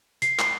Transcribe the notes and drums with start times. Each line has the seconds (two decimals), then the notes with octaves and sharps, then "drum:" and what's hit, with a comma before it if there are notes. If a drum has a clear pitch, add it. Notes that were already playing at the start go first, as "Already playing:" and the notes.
0.22 C7, drum: hi-hat
0.39 drum: clap